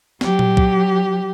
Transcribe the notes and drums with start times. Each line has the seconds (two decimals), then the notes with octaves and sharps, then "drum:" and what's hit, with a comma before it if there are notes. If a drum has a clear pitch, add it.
0.21 F#3 G4, drum: snare
0.39 drum: tom A#2
0.57 drum: kick